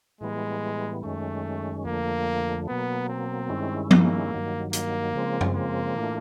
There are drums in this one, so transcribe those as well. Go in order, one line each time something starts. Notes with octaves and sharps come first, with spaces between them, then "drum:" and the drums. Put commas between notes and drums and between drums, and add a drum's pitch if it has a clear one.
A2 E3 G3 G#3 B3
F#2 D#3 G#3 A3 C#4
F2 D3 F3 A3 A#3
B2 F#3 A#3 B3
C4
G2 D#3 G#3 C#4 E4
A#3, drum: tom
G2 D#3 F#3
A#3, drum: hi-hat
C#3 F3 G#3 C4
drum: tom F#2
A#3
A2 E3 A3 D4 F4